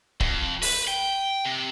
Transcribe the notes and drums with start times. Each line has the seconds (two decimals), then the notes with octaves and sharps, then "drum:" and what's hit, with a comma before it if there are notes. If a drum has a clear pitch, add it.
0.20 F2, drum: kick C#1
0.62 B4, drum: open hi-hat
0.88 G5
1.45 C3